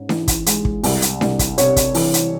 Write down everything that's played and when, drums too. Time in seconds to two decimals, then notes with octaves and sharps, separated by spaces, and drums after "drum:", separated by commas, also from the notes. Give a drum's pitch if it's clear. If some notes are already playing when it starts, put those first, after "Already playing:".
Already playing: G#2 C#4
0.09 E3, drum: snare D4
0.28 drum: kick, hi-hat
0.46 G#3, drum: hi-hat
0.65 drum: kick
0.84 C2, drum: open hi-hat
1.02 drum: hi-hat
1.21 C2, drum: snare D4
1.39 drum: kick, hi-hat
1.58 C3 C#5, drum: hi-hat
1.76 drum: kick, hi-hat
1.94 E3, drum: open hi-hat
2.14 drum: hi-hat